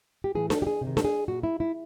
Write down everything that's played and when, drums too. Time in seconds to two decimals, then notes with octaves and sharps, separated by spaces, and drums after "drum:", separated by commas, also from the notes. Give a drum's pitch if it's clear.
0.24 G4
0.35 A2 E3 G#4
0.50 A4, drum: snare D4
0.62 G4
0.67 G#4
0.81 C3
0.86 D#3
0.97 A4, drum: snare D4
1.04 G#4
1.28 A#2 F#4
1.43 E4
1.60 E4